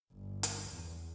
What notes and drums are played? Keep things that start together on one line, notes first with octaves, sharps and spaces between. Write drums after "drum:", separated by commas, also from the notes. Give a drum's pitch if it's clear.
G1
drum: hi-hat
E2